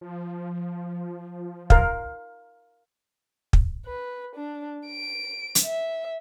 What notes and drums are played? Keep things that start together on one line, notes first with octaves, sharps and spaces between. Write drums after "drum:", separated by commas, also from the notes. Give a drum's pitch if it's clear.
F3
A#4 F5, drum: kick
drum: kick
B4
D4
D7
drum: hi-hat
E5